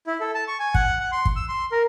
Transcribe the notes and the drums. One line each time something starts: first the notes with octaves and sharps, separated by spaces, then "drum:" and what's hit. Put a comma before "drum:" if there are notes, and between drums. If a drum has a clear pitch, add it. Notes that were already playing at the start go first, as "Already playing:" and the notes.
E4
A4
A5
C#6
G#5
F#5, drum: kick
F#5
C6
drum: kick
E6
C6
A#4